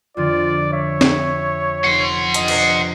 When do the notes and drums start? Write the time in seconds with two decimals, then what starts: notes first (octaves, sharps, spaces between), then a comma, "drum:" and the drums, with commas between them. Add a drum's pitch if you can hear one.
0.17 F2 D3 F4 D5
0.73 C#5 E5
1.01 drum: snare
1.84 F1 F#5 C6
2.34 F2 D4 D#5, drum: hi-hat
2.48 drum: cymbal